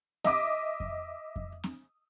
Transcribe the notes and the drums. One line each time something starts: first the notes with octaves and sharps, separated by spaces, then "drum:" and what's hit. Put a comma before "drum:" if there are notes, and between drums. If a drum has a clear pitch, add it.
D#5 E5 D6 D#6, drum: snare C4
drum: kick F2
drum: kick F2
drum: snare C4